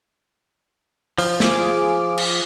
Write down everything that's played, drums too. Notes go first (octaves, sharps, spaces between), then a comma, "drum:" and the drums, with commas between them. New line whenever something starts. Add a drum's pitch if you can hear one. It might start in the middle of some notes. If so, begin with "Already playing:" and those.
F3, drum: open hi-hat
F4 G#4 D6, drum: snare
drum: cymbal